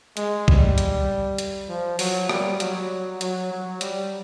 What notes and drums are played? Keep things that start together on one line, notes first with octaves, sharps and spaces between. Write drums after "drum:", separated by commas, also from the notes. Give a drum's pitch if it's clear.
G#3, drum: hi-hat
G3, drum: kick B1
drum: hi-hat
drum: hi-hat
F3
F#3, drum: open hi-hat
G3, drum: rim click
F#3, drum: hi-hat
F#3, drum: hi-hat
F#3
G3, drum: hi-hat